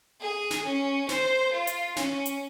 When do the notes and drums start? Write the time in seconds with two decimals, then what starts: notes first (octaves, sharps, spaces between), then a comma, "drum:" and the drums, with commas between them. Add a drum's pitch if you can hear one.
0.21 G#4
0.51 drum: snare
0.65 C#4
1.09 C5, drum: snare
1.53 F4
1.67 drum: hi-hat
1.96 C#4, drum: snare
2.26 drum: hi-hat